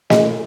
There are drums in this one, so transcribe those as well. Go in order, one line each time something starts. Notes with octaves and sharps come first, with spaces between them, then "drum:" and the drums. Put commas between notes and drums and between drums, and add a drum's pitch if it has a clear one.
G#3, drum: snare